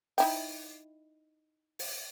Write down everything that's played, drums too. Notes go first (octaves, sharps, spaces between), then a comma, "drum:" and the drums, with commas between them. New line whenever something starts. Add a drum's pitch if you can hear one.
D#4 E4 G5, drum: open hi-hat
drum: open hi-hat